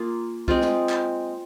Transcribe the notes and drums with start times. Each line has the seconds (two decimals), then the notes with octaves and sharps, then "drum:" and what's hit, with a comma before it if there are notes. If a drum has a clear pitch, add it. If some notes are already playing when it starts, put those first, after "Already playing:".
Already playing: A#3 F4 G#4
0.48 G#3 C4 F4, drum: kick
0.61 drum: snare
0.89 drum: clap